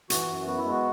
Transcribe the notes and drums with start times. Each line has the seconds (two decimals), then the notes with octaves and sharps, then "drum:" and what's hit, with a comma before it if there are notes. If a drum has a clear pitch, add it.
0.10 E3 F#4, drum: hi-hat
0.29 F#2
0.46 B3 F#4
0.58 E4
0.65 G#3
0.71 F#4